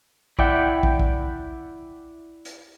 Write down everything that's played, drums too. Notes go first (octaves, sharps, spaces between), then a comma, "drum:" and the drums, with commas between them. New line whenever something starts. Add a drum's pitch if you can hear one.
E4 D5 E5 F#5 G5, drum: kick
drum: kick
drum: kick
drum: hi-hat